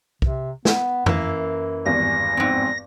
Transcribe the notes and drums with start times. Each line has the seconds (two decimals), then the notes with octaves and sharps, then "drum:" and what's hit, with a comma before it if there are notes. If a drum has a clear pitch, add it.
0.22 C3, drum: kick B1
0.65 B3, drum: snare
1.06 F#2 E3 A#3, drum: tom F2
1.85 G#1 E2 G2 A#6
2.37 F2 G#2 C4